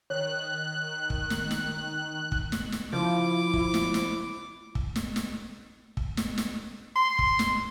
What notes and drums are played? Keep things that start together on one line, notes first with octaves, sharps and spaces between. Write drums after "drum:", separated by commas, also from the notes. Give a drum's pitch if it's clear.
D#3 C#5 F#6
drum: kick
drum: snare
drum: snare
drum: kick
drum: snare
drum: snare
C#3 F3 E4 D6
drum: kick
drum: snare
drum: snare
drum: kick
drum: snare
drum: snare
drum: kick
drum: snare
drum: snare
C6
drum: kick
drum: snare